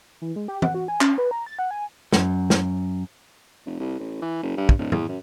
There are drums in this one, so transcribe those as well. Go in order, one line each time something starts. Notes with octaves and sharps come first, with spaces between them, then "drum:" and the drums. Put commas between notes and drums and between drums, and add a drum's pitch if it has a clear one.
E3
G#3
G4
F#5, drum: tom E3
F#4
G#5
C#4, drum: clap
B4
A#5
A6
F#5
G#5
F#2, drum: snare
drum: snare
F1
C2
A1
E3
F#1
G2
drum: kick
D1
E2, drum: tom G#2
F#2